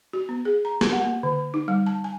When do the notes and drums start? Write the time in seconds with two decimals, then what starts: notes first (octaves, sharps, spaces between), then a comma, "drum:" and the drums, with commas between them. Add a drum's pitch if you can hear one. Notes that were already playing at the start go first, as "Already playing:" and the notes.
0.13 F#4
0.29 B3
0.45 G#4
0.65 A#5
0.81 G4, drum: snare
0.92 F#5
1.04 A#3
1.23 D3
1.54 D#4
1.68 G3
1.86 A5
2.04 G#5